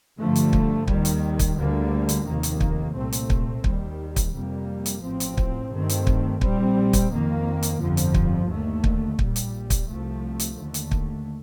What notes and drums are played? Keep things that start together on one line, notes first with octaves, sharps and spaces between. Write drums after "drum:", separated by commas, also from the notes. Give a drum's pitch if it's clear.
G2 D3 F3 A3
drum: hi-hat
drum: kick
D#2 D#3 G3, drum: kick
drum: hi-hat
drum: kick, hi-hat
D2 D3 G3 A#3
drum: hi-hat
F1 D#2 D#3 A#3
drum: hi-hat
drum: kick
C2 A#2 A3 C4
drum: hi-hat
drum: kick
D#2 D#3 G3, drum: kick
drum: kick, hi-hat
F2 C3 G3 A#3
drum: hi-hat
A1 A2 F3 C4
drum: hi-hat
drum: kick
G2 D#3 A3 C4
drum: hi-hat
drum: kick
A#1 A#2 G3 C4, drum: kick
drum: kick, hi-hat
F2 D#3 A#3
drum: hi-hat
G1 F2 D3 F3
drum: hi-hat
drum: kick
D#2 D3 A3
drum: kick
A#1 A#2 G3, drum: kick
drum: hi-hat
drum: kick, hi-hat
C2 C3 F3 A3
drum: hi-hat
D#2 D3 A3
drum: hi-hat
drum: kick